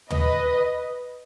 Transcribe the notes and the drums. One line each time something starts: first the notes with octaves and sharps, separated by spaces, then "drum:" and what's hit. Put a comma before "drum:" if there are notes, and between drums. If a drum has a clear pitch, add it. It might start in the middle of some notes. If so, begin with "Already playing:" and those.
B4 D#5, drum: tom